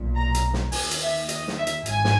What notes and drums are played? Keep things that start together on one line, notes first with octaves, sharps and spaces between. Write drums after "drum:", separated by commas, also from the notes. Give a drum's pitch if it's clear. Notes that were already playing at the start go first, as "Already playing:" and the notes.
Already playing: B1 A#2
A#5
drum: hi-hat
drum: snare
D#2 D#3 G#5, drum: open hi-hat
drum: hi-hat
E5
D#5, drum: hi-hat
drum: snare
E5
drum: hi-hat
G#1 G#2 E3 G#5, drum: hi-hat
drum: snare